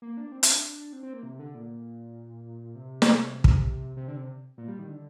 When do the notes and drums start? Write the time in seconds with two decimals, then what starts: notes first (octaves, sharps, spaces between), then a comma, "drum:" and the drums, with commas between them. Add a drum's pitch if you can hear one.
0.02 A#3
0.17 D4
0.32 C4
0.43 C4, drum: hi-hat
0.52 D4
0.93 C4
1.03 C4
1.13 A#3
1.23 C3
1.39 D3
1.55 A#2
2.75 C3
3.02 drum: snare
3.44 drum: kick
3.97 C3
4.08 D3
4.17 C3
4.58 A#2
4.68 G3
4.79 D#3
4.88 D3